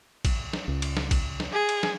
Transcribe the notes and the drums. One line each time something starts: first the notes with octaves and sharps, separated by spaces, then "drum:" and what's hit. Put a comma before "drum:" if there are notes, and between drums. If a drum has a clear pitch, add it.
drum: kick, cymbal
drum: snare
C#2
drum: cymbal
drum: snare
drum: kick, cymbal
drum: snare
G#4
drum: cymbal
drum: snare